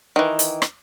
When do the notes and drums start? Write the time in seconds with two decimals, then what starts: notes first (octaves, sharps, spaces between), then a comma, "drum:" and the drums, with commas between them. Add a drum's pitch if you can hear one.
0.16 D#3 E3
0.39 drum: hi-hat
0.62 drum: rim click